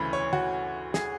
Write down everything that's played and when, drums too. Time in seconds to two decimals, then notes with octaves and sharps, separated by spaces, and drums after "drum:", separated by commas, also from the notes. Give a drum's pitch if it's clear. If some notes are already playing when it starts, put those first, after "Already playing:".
Already playing: D2 C#3 E3 B5
0.13 C#5
0.33 F#4, drum: tom
0.94 G#4, drum: snare